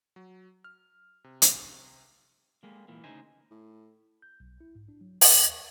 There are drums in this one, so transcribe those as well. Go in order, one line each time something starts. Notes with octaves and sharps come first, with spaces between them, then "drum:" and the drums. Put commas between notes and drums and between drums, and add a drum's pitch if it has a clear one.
F#3
F6
C3
drum: hi-hat
G3 G#3 A#3
A#2 E3 A#3
D2 C#3 D#4 C5 G#5
A2
G6
B1
E4
G#2
D4
F#3
G4, drum: open hi-hat
D#2
C#6